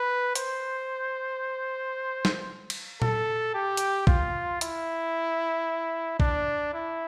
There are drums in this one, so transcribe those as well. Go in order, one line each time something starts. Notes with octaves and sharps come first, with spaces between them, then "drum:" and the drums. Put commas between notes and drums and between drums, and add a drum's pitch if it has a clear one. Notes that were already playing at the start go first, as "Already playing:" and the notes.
Already playing: B4
C5, drum: hi-hat
drum: snare
drum: cymbal
A4, drum: tom A#2
G4
drum: hi-hat
F4, drum: kick
E4, drum: hi-hat
D4, drum: kick
E4